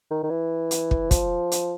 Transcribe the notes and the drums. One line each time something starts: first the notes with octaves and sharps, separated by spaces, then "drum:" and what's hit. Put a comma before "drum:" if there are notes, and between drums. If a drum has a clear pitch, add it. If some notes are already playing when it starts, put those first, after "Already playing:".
D#3
D#3
E3
drum: hi-hat
drum: kick
F3, drum: kick, hi-hat
drum: hi-hat